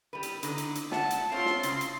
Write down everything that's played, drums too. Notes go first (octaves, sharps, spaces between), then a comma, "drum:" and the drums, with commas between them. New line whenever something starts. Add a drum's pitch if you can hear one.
G3 B4
drum: hi-hat
D3 D#4, drum: hi-hat
drum: hi-hat
drum: hi-hat
A3 F#5 A5, drum: snare
drum: hi-hat
C4 F4 C#5 C6
drum: snare
C#3, drum: hi-hat
drum: hi-hat